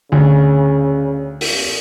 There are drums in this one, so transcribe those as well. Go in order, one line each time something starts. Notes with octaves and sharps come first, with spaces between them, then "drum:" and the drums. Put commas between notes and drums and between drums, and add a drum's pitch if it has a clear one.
D2 C#3
drum: open hi-hat